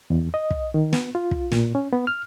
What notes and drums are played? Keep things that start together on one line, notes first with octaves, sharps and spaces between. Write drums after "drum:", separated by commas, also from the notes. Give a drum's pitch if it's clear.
E2
D#5
drum: kick
D#3
B3, drum: snare
F4
drum: kick
A#2, drum: snare
C#4
B3
F6